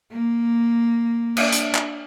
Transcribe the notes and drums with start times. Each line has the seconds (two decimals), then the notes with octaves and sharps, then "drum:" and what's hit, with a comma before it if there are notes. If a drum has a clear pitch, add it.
0.11 A#3
1.37 D4, drum: cymbal
1.52 drum: hi-hat
1.75 drum: clap